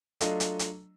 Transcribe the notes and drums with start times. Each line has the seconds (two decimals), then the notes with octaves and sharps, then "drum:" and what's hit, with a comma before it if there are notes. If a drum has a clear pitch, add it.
0.21 F#3 A3 D4 F4 A4 D#5, drum: hi-hat
0.40 drum: hi-hat
0.59 drum: hi-hat